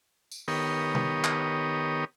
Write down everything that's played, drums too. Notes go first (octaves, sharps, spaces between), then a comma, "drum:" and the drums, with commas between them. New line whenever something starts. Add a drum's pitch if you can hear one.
drum: tambourine
D#3 B3 G4 A#4 C#5 D#6, drum: open hi-hat
drum: tom
drum: clap